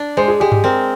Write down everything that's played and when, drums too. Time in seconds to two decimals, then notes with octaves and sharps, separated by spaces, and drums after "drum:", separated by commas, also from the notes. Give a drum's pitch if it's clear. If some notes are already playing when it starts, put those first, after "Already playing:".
Already playing: D4
0.17 G#3 C5
0.28 G#4
0.40 G#3 G4
0.52 G4, drum: tom G2
0.64 C4 A#4